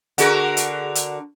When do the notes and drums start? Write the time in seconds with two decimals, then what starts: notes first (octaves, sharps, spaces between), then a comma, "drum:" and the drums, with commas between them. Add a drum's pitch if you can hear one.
0.18 D3 F#4 G#4 A#4 F#5, drum: hi-hat
0.57 drum: hi-hat
0.95 drum: hi-hat